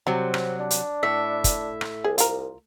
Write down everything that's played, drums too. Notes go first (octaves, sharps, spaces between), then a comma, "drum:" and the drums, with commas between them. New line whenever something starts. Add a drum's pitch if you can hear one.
C3 F#3 G3 C4
drum: rim click
D4
drum: hi-hat
A2 E5
drum: kick, hi-hat
drum: rim click
C2 G#4
F4 A#4, drum: hi-hat